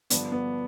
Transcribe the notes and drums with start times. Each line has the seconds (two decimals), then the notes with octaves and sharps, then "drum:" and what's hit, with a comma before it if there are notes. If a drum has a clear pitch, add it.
0.10 G2 D3 F3 B3 D4, drum: hi-hat
0.32 B3